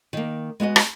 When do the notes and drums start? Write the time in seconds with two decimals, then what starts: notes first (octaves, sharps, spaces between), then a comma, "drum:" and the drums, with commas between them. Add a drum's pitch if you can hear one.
0.13 D#3 A#3
0.60 G#3 B3 F#4 D#5
0.76 drum: rim click